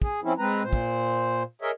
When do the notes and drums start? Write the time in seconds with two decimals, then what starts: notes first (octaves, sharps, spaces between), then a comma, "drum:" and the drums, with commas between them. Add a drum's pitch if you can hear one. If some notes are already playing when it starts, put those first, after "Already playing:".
0.02 G#4, drum: kick
0.24 F3 C4 C#4 E4
0.39 G#3 C4 B4 A#5
0.63 A#2 C5
0.73 drum: kick
1.62 G#4 A#4 C#5 D#5 E5